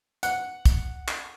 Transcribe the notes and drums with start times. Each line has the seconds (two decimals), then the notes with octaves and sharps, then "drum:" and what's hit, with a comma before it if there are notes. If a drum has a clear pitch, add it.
0.23 F#5, drum: hi-hat
0.66 drum: kick, hi-hat
1.08 drum: clap